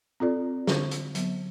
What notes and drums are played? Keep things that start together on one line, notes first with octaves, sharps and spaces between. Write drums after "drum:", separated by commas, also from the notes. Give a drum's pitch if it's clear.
C4 F4 A4 D5
D3, drum: snare
drum: hi-hat
F#3 B3, drum: hi-hat